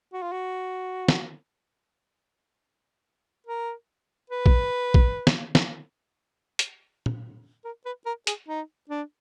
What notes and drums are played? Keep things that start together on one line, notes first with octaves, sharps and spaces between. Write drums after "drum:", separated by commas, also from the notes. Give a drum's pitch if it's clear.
F#4
F4
F#4
drum: snare
A#4
B4
drum: kick
drum: kick
drum: snare
drum: snare
drum: hi-hat
drum: tom
A#4
B4
A#4
G#4, drum: hi-hat
D#4
D4